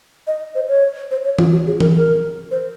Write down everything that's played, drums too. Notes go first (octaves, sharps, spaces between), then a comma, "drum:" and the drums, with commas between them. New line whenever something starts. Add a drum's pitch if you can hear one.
D#5
C5
C#5
C5
C#5
F4, drum: tom E3
F#4
G#4
A#4, drum: tom E3
A#4
C5